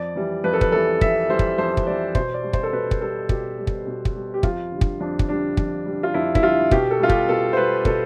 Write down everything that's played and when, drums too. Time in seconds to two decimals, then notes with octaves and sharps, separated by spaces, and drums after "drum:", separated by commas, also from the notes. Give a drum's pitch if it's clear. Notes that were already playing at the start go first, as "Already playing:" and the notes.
Already playing: F2 D5
0.15 E3 G3
0.44 F2 B4
0.53 A4
0.61 B4, drum: kick
0.72 E3 G3 A4
1.01 F2 E5, drum: kick
1.29 E3 G3 C5
1.39 drum: kick
1.58 F2 C5
1.77 drum: kick
1.87 E3 G3 D5
2.15 B2 C5, drum: kick
2.34 D5
2.43 G3
2.53 C5, drum: kick
2.63 A4
2.73 B2 B4
2.91 drum: kick
3.01 G3 A4
3.29 B2 G4, drum: kick
3.58 G3
3.67 drum: kick
3.86 B2
4.05 drum: kick
4.15 G3
4.34 G4
4.43 F2 F4, drum: kick
4.72 D3 G3
4.81 drum: kick
5.00 F2 D4
5.19 drum: kick
5.29 D3 G3 D4
5.57 F2, drum: kick
5.86 D3 G3
6.03 F4
6.14 F2 E4
6.35 E4, drum: kick
6.43 D3 G3 F4
6.71 B2 G4, drum: kick
6.91 A4
6.99 G3 F4
7.09 G4, drum: kick
7.29 B2 A4
7.53 C5
7.57 G3 B4
7.85 B2 A4, drum: kick